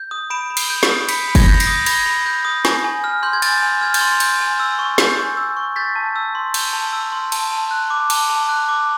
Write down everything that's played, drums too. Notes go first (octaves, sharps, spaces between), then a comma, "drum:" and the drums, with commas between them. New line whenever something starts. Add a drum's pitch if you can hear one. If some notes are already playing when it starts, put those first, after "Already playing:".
Already playing: G6
D#6
B5 D7 E7
B5
C7 D7, drum: cymbal
G6
C7 D7, drum: snare
D#6
B5 B6 C#7, drum: cymbal
B5
G#6 A#6, drum: kick F#1, cymbal
G6
A#6 C7, drum: cymbal
D#6
B5 G#6 A#6, drum: cymbal
B5
G6
D#6
G#5, drum: snare
G#5
F6
C6 G6
G#6
G#5 G6 A6, drum: cymbal
G#5
F6 G#6
G6 A6, drum: cymbal
C6
G6, drum: cymbal
G#5
E6
C#6
G6, drum: snare
G#5
E6
C#6
G6 A6 B6
A5
E6
C6
G6, drum: cymbal
A5
E6
C6
A5, drum: cymbal
A5
F#6
D6
A5, drum: cymbal
A5
F#6
D6